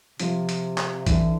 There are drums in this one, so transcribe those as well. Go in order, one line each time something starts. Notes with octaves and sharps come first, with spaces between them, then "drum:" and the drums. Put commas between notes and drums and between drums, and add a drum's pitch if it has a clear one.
C3 F3 F4, drum: hi-hat
drum: hi-hat
drum: clap
D3 E3 E4, drum: kick A#1, hi-hat